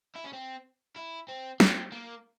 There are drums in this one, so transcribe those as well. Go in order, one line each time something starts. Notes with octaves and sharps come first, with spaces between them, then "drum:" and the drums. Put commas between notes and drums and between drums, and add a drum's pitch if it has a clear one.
E4
C#4
C4
E4
C4
C4, drum: snare
A#3